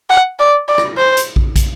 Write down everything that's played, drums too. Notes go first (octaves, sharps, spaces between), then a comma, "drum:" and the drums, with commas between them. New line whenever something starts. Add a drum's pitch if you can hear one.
F#5
D5
D5
drum: rim click
C5
drum: hi-hat
drum: kick
drum: kick, hi-hat